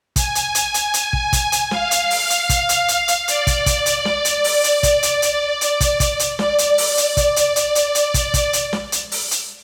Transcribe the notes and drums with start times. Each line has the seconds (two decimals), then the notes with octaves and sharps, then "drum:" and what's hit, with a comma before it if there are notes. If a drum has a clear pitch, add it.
0.16 G#5, drum: kick, hi-hat
0.35 drum: hi-hat
0.55 drum: hi-hat
0.74 drum: hi-hat
0.94 drum: hi-hat
1.13 drum: kick
1.33 drum: kick, hi-hat
1.52 drum: hi-hat
1.71 F5, drum: snare
1.91 drum: hi-hat
2.10 drum: open hi-hat
2.30 drum: hi-hat
2.49 drum: kick, hi-hat
2.69 drum: hi-hat
2.88 drum: hi-hat
3.08 drum: hi-hat
3.28 D5, drum: hi-hat
3.47 drum: kick, hi-hat
3.66 drum: kick, hi-hat
3.86 drum: hi-hat
4.05 drum: snare
4.25 drum: hi-hat
4.44 drum: open hi-hat
4.64 drum: hi-hat
4.83 drum: kick, hi-hat
5.03 drum: hi-hat
5.22 drum: hi-hat
5.61 drum: hi-hat
5.81 drum: kick, hi-hat
6.00 drum: kick, hi-hat
6.19 drum: hi-hat
6.39 D5, drum: snare
6.58 drum: hi-hat
6.78 drum: open hi-hat
6.97 drum: hi-hat
7.17 drum: kick, hi-hat
7.36 drum: hi-hat
7.56 drum: hi-hat
7.75 drum: hi-hat
7.95 drum: hi-hat
8.14 drum: kick, hi-hat
8.34 drum: kick, hi-hat
8.53 drum: hi-hat
8.73 drum: snare
8.92 drum: hi-hat
9.12 drum: open hi-hat
9.31 drum: hi-hat